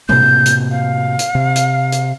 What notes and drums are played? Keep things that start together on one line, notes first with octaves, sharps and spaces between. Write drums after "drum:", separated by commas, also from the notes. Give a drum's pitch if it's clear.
A2 C3 A#3 G6, drum: tom B2
drum: hi-hat
F5
drum: hi-hat
C3
drum: hi-hat
drum: hi-hat